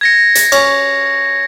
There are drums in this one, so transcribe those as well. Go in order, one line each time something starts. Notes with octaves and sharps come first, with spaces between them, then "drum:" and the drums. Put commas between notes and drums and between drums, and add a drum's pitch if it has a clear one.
G#6 A#6 C#7
drum: hi-hat
C#4, drum: cymbal